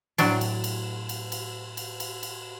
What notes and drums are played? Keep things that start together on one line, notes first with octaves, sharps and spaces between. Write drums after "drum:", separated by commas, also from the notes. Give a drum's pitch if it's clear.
A2 F#3 D4, drum: cymbal
drum: cymbal
drum: cymbal
drum: cymbal
drum: cymbal
drum: cymbal
drum: cymbal
drum: cymbal